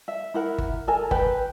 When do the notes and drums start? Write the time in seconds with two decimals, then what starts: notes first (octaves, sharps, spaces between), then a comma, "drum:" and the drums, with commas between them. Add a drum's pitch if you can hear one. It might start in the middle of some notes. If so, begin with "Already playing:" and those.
0.08 E5
0.34 E4 A#4 F#5
0.58 drum: kick G1
0.88 A4 A#4 G#5
1.11 B4 G5, drum: kick G1